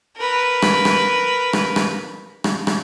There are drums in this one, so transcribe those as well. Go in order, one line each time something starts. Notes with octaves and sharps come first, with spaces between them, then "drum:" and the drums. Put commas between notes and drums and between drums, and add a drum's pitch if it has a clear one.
A#4 B4
drum: rim click
drum: rim click
drum: rim click
drum: rim click
drum: rim click
drum: rim click